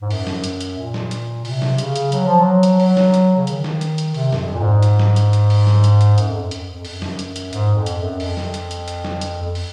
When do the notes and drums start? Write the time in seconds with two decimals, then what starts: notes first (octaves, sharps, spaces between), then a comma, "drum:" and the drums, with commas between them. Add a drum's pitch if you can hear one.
0.02 G#2
0.10 F#2, drum: open hi-hat
0.27 drum: snare
0.44 drum: hi-hat
0.61 drum: hi-hat
0.78 A#2
0.94 drum: snare
1.11 drum: hi-hat
1.45 C3, drum: open hi-hat
1.62 drum: snare
1.78 C#3, drum: hi-hat
1.96 drum: hi-hat
2.12 F#3, drum: hi-hat
2.26 F3
2.40 F#3
2.63 drum: hi-hat
2.80 F#3, drum: open hi-hat
2.97 drum: snare
3.14 drum: hi-hat
3.37 C#3
3.47 D#3, drum: hi-hat
3.64 drum: snare
3.81 drum: hi-hat
3.98 drum: hi-hat
4.14 C3, drum: open hi-hat
4.33 F#2, drum: snare
4.38 F2
4.54 A#2
4.59 G#2
4.83 drum: hi-hat
4.99 drum: snare
5.16 drum: hi-hat
5.33 drum: hi-hat
5.50 drum: open hi-hat
5.67 drum: snare
5.84 drum: hi-hat
6.01 drum: hi-hat
6.18 F#2, drum: hi-hat
6.28 F2
6.38 F#2
6.51 drum: hi-hat
6.73 F2
6.85 F#2, drum: open hi-hat
7.02 drum: snare
7.19 drum: hi-hat
7.36 drum: hi-hat
7.53 G#2, drum: hi-hat
7.75 F2
7.86 drum: hi-hat
7.98 F#2
8.20 F2, drum: open hi-hat
8.37 drum: snare
8.54 drum: hi-hat
8.71 drum: hi-hat
8.88 drum: hi-hat
9.05 drum: snare
9.21 drum: hi-hat
9.43 F2
9.55 drum: open hi-hat